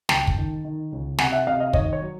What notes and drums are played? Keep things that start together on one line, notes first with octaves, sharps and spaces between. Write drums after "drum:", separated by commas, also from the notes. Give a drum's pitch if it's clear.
C#2 G5 A5, drum: snare
drum: kick
D#3
D#3
C#2
C3 F#5 G#5, drum: snare
E5 F#5
C3 D#5 F5
D#5 F5
D#3 C#5 D#5, drum: kick
C#5
F#3